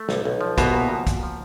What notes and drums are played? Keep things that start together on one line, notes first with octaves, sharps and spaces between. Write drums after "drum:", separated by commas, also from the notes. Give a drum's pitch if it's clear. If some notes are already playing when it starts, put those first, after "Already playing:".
Already playing: A3
B1, drum: snare
B1
F3
C2 B2, drum: kick, hi-hat
A#2
F3
A#2, drum: kick, hi-hat
F3